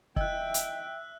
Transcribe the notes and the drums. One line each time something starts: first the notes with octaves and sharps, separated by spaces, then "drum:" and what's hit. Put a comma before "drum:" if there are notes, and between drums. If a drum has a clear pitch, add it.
D#5 E5 G5 E6 F#6, drum: kick
drum: hi-hat